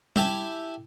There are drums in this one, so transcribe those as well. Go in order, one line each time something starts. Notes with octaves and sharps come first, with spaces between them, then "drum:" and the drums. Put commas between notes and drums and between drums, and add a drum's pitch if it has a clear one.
E4 G4 E5 G#5 A5, drum: tom G3